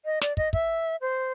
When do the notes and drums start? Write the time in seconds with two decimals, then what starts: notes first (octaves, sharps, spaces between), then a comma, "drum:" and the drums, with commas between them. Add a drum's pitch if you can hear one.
0.05 D#5
0.21 D5, drum: snare
0.37 D#5, drum: kick
0.53 E5, drum: kick
1.01 C5